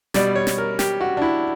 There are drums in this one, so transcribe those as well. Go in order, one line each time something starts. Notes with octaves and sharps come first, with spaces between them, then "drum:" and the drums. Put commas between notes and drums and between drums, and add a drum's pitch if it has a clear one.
B2 G3 D5, drum: snare
C#5
drum: snare
A#4
G4, drum: snare
F#4
D4
E4